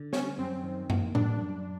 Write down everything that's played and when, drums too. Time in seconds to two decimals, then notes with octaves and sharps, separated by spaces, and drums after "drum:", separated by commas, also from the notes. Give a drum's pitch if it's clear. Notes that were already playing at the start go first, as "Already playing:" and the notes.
Already playing: D3
0.13 G3 C#4, drum: snare
0.38 F#2 C4
0.63 D#3
0.90 A#3, drum: tom F#2
1.15 G3 D4, drum: tom A2
1.40 F#2